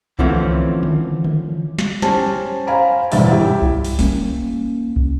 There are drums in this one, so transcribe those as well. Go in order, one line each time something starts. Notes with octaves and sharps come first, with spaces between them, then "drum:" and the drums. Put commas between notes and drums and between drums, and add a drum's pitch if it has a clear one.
D3 E3 F3 A3 C4 C#4, drum: kick C2
drum: tom D3
drum: tom D3
drum: snare
C#4 G4 C5 A5, drum: snare
C5 F5 G#5 A#5 B5
E1 A1 G2 B3 E5 A6, drum: open hi-hat
E4 G4
drum: kick C2
drum: open hi-hat
A#3 C#4, drum: open hi-hat
drum: kick C2